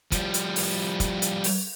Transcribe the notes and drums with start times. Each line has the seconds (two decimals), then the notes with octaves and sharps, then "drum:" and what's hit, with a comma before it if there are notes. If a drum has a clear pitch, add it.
0.12 F3 G3, drum: kick, hi-hat
0.34 drum: hi-hat
0.56 drum: open hi-hat
1.00 drum: kick, hi-hat
1.22 drum: hi-hat
1.44 drum: open hi-hat